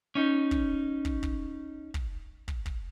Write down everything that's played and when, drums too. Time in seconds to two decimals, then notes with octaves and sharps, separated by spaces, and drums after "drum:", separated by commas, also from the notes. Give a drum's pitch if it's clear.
0.15 C#4 D#4
0.51 drum: kick
1.05 drum: kick
1.23 drum: kick
1.94 drum: kick
2.48 drum: kick
2.66 drum: kick